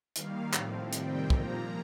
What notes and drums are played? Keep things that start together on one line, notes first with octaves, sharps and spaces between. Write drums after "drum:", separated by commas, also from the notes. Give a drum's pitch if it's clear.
D#3 G3 A#3 F5, drum: hi-hat
A2 F3 C4, drum: clap
C3 D#3 G3 C4 G5, drum: hi-hat
A#2 F3 A#3 A#5, drum: kick